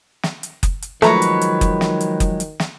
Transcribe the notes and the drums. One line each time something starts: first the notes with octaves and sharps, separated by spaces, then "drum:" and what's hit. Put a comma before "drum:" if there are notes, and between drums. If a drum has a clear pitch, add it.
drum: snare
drum: hi-hat
drum: kick F#1, hi-hat
drum: hi-hat
D#3 F3 F#3 G#3 A3 B4 A#5 C#6, drum: snare
drum: hi-hat
drum: hi-hat
drum: kick F#1, hi-hat
drum: snare
drum: hi-hat
drum: kick F#1, hi-hat
drum: hi-hat
drum: snare